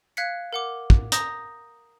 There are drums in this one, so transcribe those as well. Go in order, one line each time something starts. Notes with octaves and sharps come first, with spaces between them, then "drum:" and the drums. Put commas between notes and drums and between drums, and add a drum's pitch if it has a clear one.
F5 F#6 G#6 B6 C#7
A#4 F#5 D6
drum: kick
A#5 D#6 G6 A#6, drum: hi-hat